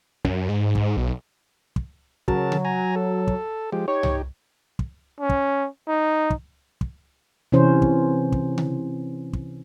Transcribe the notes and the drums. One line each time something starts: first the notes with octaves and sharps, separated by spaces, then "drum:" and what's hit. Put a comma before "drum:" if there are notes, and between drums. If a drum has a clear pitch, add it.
F#2, drum: kick
G#2
drum: kick
B1
drum: kick
C#3 F#3 A#4 A5, drum: kick
drum: tom C#3
G#5 A#5
A4
drum: kick
F3 G#3 G4
D#4 G4 C#5
drum: tom C2
drum: kick
C#4
drum: kick
D#4
drum: kick
drum: kick
C3 E3 C#4 C5
drum: kick
drum: kick
drum: tom C#3
drum: kick